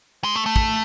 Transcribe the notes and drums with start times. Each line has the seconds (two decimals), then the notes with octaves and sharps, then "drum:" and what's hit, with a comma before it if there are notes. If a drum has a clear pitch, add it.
0.24 G#3
0.35 A3
0.46 A3
0.56 drum: kick